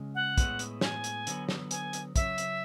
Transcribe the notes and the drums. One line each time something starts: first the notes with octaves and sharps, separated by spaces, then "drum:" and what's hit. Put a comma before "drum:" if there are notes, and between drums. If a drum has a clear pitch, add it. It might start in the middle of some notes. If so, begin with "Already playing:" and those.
Already playing: C#3 G#3 C#4
F#5
A2 G#3 B3 E4, drum: kick, hi-hat
drum: hi-hat
G#5, drum: snare
drum: hi-hat
D3 F#3 B3, drum: hi-hat
drum: snare
G#5, drum: hi-hat
drum: hi-hat
C#3 F#3 C#4 E5, drum: kick, hi-hat
drum: hi-hat